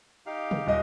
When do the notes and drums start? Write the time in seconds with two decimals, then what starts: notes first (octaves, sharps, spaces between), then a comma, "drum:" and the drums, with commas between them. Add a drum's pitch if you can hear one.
0.26 D#4 G4 F5
0.51 drum: tom C3
0.67 D#1 D#5